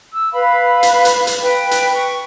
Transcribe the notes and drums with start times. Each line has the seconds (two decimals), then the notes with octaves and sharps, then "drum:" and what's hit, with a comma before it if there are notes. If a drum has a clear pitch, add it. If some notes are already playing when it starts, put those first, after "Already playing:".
0.12 E6
0.33 B4 F5 B5
0.83 drum: hi-hat
1.05 drum: hi-hat
1.27 drum: hi-hat
1.40 B4 G5
1.71 drum: hi-hat
1.93 C#6